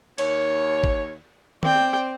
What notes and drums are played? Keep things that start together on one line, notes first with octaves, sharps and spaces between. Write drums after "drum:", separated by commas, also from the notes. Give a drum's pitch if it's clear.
D#2 C#5, drum: cymbal
drum: kick
C4 D5 G5, drum: tom D#3